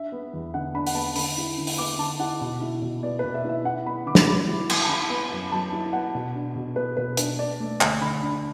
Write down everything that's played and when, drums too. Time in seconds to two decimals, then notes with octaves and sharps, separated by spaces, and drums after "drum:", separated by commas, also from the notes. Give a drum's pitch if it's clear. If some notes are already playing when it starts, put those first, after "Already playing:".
Already playing: D4 E5
0.12 B3
0.33 E2
0.54 D3 F#5
0.74 D4 B5
0.87 F#5, drum: open hi-hat
0.95 B3 A5
1.16 D3 B5, drum: open hi-hat
1.38 E4
1.58 D3
1.67 drum: open hi-hat
1.78 B3 D6
1.99 D3 A5
2.19 E4 F#5
2.41 B2
2.61 E4
2.82 B2
3.03 B3 D5
3.19 B4
3.24 B2
3.34 E5
3.44 E4 E5
3.65 E4 F#5
3.86 B3 B5
4.06 D3 D6
4.15 drum: snare
4.27 F#3 B5
4.48 E4
4.70 B3, drum: cymbal
4.83 A5
4.89 E4 B5
5.10 B3
5.32 F#2
5.52 F#3 A5
5.72 E4
5.93 B3 F#5
6.15 B2
6.35 D4
6.55 B2
6.76 B3 B4
6.97 B2 B4
7.17 D4 B4, drum: hi-hat
7.39 D4 D5
7.60 A3
7.81 D2, drum: clap
8.01 D3 B5
8.22 D4